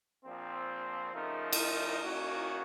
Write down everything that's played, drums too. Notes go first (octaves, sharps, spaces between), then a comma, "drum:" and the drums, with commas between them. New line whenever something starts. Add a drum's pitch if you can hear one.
A#1 A#2 F3 C4
C#3 F3 A3 D#4 A#4
drum: cymbal
D#3 A#3 C#4 F#4